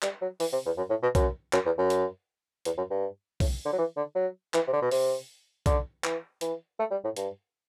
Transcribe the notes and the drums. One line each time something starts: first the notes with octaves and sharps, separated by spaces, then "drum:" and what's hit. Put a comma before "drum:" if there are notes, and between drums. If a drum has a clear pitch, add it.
G3, drum: clap
F#3
E3, drum: open hi-hat
C3
E2
F#2
A2
B2
F#2, drum: kick B1, hi-hat
F#2, drum: clap
E2
F#2
drum: hi-hat
E2, drum: hi-hat
F#2
G2
A2, drum: kick B1, open hi-hat
D3
F#3
E3
D3
F#3
E3, drum: clap
C3
D3
B2
C3, drum: open hi-hat
D3, drum: kick B1, hi-hat
E3, drum: clap
E3, drum: hi-hat
A3
G3
A2
G2, drum: hi-hat